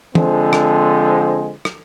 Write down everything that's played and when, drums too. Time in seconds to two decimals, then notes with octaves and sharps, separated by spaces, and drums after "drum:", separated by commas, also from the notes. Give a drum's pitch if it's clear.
0.15 D3 F3 G#3 C4, drum: tom
0.53 drum: rim click
1.65 drum: rim click